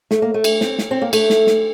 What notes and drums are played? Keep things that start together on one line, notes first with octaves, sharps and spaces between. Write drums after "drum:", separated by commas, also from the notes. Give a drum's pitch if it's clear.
A3, drum: snare
A#3
A3
drum: cymbal
C4, drum: snare
drum: snare
C4
A#3
A3, drum: cymbal
drum: snare
drum: snare